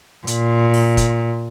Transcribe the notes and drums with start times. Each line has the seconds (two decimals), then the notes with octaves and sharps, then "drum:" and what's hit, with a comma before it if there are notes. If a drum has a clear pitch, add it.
0.27 A#2, drum: hi-hat
0.74 drum: open hi-hat
0.97 drum: kick, hi-hat